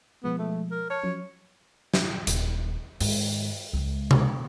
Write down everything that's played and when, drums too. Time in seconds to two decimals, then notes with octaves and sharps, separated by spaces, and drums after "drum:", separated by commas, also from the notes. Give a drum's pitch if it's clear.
0.24 B2 F3 G#3 B3
0.39 A3
0.71 A#4
0.90 C#5 A5 F6
1.03 F3 F#3 C#4
1.94 drum: snare
2.27 D#1, drum: hi-hat
3.01 G#2 D#3, drum: open hi-hat
3.73 C#2 G#3
4.11 drum: tom B2